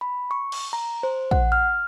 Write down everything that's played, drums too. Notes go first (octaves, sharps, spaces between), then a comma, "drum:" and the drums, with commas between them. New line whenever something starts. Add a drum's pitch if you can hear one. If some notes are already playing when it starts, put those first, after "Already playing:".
B5
C#6
drum: cymbal
A#5
C5
F#5, drum: kick
F6